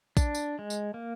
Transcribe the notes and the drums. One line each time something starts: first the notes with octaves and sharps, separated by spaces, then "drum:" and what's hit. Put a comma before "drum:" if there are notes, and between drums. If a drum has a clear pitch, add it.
D4, drum: kick A#1, tambourine
drum: tambourine
G#3
drum: tambourine
A#3